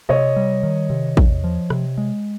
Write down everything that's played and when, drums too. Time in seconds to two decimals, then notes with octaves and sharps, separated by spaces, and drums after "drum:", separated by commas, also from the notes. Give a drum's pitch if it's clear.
0.09 C3 C#5 D#5
0.36 G3
0.63 D#3
0.90 C3
1.17 E2, drum: kick A1
1.44 F3
1.70 C3, drum: rim click
1.98 G#3